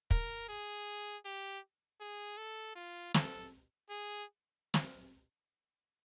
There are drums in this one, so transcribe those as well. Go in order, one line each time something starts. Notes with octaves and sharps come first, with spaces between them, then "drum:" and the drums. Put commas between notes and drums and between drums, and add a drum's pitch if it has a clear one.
A#4, drum: kick
G#4
G4
G#4
A4
F4
A4, drum: snare
G#4
drum: snare